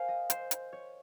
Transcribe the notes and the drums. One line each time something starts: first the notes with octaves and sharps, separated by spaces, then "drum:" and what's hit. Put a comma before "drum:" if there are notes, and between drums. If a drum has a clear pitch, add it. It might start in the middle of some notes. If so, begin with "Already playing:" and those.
Already playing: A#4 C5 F5 G#5
D#5
C5, drum: hi-hat
drum: hi-hat
C#5